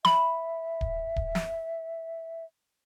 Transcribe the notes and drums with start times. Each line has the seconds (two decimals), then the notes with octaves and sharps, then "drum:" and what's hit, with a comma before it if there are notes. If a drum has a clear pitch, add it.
0.05 E5 B5, drum: snare
0.81 drum: kick D1
1.16 drum: kick D1
1.35 drum: snare